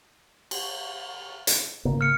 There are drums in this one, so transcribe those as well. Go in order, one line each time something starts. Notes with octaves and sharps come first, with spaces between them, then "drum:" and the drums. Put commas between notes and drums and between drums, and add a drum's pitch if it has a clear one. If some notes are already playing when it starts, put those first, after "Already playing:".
drum: cymbal
drum: hi-hat
G#1 C#3 A#3
F6 C#7